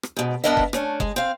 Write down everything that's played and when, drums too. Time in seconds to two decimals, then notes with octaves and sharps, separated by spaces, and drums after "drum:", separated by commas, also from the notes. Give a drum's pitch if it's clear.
0.03 drum: rim click
0.17 G#2 B2
0.44 G2 B3 D4 A#4 D#5 E5
0.57 drum: kick F#1
0.73 A3 C#4 D4, drum: rim click
1.00 G#3, drum: kick F#1
1.16 C4 F5